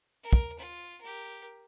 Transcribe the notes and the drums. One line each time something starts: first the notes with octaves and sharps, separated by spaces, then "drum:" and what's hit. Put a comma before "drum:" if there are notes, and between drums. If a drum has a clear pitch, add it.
A#4
drum: kick
F4, drum: tambourine
G4 A#4